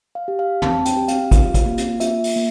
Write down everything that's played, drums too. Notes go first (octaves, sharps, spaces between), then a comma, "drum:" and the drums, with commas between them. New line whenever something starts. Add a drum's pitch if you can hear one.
F5
G4
F5
C4 A5, drum: tom
G5, drum: hi-hat
G4
F5, drum: hi-hat
F4, drum: kick, hi-hat
drum: kick, hi-hat
A#3
drum: hi-hat
F4 E5, drum: hi-hat
drum: open hi-hat
A#3